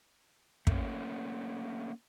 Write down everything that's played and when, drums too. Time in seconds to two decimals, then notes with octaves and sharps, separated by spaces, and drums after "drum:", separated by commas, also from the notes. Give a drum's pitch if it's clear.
0.67 A3 A#3 C#4, drum: kick